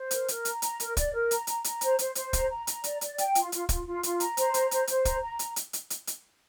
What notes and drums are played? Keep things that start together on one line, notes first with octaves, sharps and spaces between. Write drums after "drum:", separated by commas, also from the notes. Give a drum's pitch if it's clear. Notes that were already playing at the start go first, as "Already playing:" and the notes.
Already playing: C5
A#4, drum: hi-hat
A#4, drum: hi-hat
A#5, drum: hi-hat
A#5, drum: hi-hat
A#4, drum: hi-hat
D5, drum: kick, hi-hat
A#4
A#5, drum: hi-hat
A#5, drum: hi-hat
A#5, drum: hi-hat
C5, drum: hi-hat
C5, drum: hi-hat
C5, drum: hi-hat
A#5, drum: kick, hi-hat
A#5
A#5, drum: hi-hat
D5, drum: hi-hat
D5, drum: hi-hat
G5, drum: hi-hat
F4, drum: hi-hat
F4, drum: hi-hat
F4, drum: kick, hi-hat
F4
F4, drum: hi-hat
A#5, drum: hi-hat
C5, drum: hi-hat
A#5, drum: hi-hat
C5, drum: hi-hat
C5, drum: hi-hat
A#5, drum: kick, hi-hat
A#5
drum: hi-hat
drum: hi-hat
drum: hi-hat
drum: hi-hat
drum: hi-hat